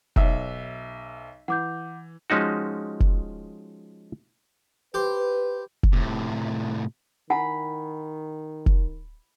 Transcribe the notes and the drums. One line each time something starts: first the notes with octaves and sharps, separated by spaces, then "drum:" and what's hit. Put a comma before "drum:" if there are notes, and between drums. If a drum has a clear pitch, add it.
B1 E5, drum: kick
E3 F#5 D6 G6
F3 G#3 C#4 D#4 F#4
drum: kick
G4 B4 C5
drum: kick
A2 C3
D#3 E4 F#5 G#5 B5
drum: kick